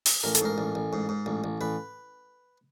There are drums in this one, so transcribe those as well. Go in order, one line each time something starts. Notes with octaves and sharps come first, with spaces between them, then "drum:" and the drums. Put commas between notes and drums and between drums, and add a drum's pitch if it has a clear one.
drum: open hi-hat
A1 A#4
A4, drum: hi-hat
G#2 A#4
A1
A1
G#2
G#2
A1
A1
A1 B4